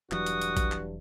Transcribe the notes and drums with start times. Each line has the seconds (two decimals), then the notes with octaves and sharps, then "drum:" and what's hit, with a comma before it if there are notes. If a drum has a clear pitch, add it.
0.11 E1 G2 E3 F#3 F#4 D#6, drum: clap
0.26 drum: hi-hat
0.42 drum: hi-hat
0.57 drum: kick A#1, hi-hat
0.72 drum: clap